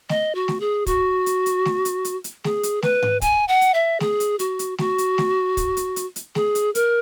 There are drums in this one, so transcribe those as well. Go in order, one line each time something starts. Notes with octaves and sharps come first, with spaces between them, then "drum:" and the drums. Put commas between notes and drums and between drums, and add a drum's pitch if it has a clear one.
D#5, drum: snare A3
F#4
drum: snare A3
G#4
F#4, drum: kick, hi-hat
drum: hi-hat
drum: hi-hat
drum: snare A3
drum: hi-hat
drum: hi-hat
drum: hi-hat
G#4, drum: snare A3
drum: hi-hat
B4, drum: snare A3
drum: tom G#2
G#5, drum: kick, hi-hat
F#5
drum: hi-hat
E5
G#4, drum: snare A3
drum: hi-hat
F#4, drum: hi-hat
drum: hi-hat
F#4, drum: snare A3
drum: hi-hat
drum: snare A3
drum: kick, hi-hat
drum: hi-hat
drum: hi-hat
drum: hi-hat
G#4, drum: snare A3
drum: hi-hat
A#4, drum: hi-hat